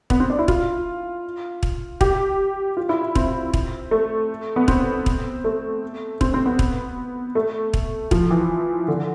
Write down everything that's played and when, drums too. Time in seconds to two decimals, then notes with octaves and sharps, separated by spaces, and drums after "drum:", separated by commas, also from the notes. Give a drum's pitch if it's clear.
0.10 B3, drum: kick
0.20 C4
0.30 D4
0.39 E4
0.48 F4, drum: kick
1.63 drum: kick
2.01 G4, drum: kick
2.77 F4
2.89 E4
3.15 C4, drum: kick
3.54 drum: kick
3.91 A3
4.56 B3
4.68 C4, drum: kick
5.06 drum: kick
5.44 A3
6.21 C4, drum: kick
6.34 C4
6.46 B3
6.59 drum: kick
7.35 A3
7.73 drum: kick
8.11 F3, drum: kick
8.31 E3
8.88 D3